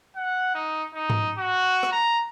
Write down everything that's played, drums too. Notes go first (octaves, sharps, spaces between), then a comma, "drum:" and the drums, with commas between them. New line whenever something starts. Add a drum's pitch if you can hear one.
F#5
D#4
D#4
drum: tom G#2
F#4
drum: rim click
A#5